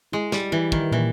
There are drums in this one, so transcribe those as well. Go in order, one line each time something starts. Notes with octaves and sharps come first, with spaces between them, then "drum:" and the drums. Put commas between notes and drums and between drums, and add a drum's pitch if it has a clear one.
G#3 E4
G3, drum: snare
E3 E4
D#3, drum: kick
A#2 E3